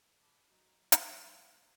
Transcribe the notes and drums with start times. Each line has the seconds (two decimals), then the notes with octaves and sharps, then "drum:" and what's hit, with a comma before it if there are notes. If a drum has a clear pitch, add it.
0.22 D4 G#4 B5
0.50 F#3 D#4
0.92 G#2, drum: hi-hat